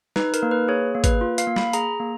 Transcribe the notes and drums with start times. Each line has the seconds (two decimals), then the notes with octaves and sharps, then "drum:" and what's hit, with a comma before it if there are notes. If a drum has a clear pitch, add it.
0.16 D#4 B4, drum: snare
0.34 A#4, drum: hi-hat
0.43 A#3
0.51 B4
0.68 G#4 C#5
0.95 A#3
1.04 B4, drum: kick G#1, hi-hat
1.21 F4
1.38 F5, drum: hi-hat
1.47 A#3
1.56 B5, drum: snare
1.73 G#4 A#5, drum: hi-hat
2.00 A#3